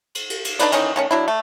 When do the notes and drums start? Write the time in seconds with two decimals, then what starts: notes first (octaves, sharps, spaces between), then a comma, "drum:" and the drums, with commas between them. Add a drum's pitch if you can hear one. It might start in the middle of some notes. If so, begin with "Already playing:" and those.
0.15 drum: cymbal
0.30 drum: cymbal
0.45 drum: cymbal
0.59 D4 D#4 B4 D5, drum: cymbal
0.72 D#3 E3 C#4 D#4, drum: cymbal
0.96 D#3 A3 C#4
1.11 F#3 D4 E4
1.28 A3